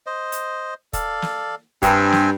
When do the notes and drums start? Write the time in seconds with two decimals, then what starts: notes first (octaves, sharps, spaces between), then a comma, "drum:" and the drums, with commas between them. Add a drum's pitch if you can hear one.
0.06 C5 D#5
0.32 drum: hi-hat
0.93 A4 D5 F5, drum: kick, hi-hat
1.22 drum: snare
1.82 G2 C4 G5 G#5, drum: kick, hi-hat
2.12 drum: snare